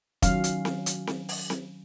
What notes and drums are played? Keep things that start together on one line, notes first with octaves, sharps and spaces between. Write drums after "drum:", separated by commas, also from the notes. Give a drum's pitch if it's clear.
D#3 F#3 C#4 F5, drum: kick, hi-hat
drum: hi-hat
drum: snare C4
drum: hi-hat
drum: snare C4
drum: open hi-hat
drum: snare C4